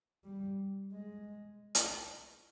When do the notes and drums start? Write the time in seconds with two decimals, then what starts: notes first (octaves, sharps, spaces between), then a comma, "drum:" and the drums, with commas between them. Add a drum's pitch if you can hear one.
0.24 G3
0.92 G#3
1.75 drum: hi-hat